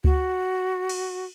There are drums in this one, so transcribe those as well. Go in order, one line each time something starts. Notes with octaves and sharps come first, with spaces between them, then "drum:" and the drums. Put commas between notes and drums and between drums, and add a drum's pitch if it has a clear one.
F#4, drum: kick C#2
drum: cymbal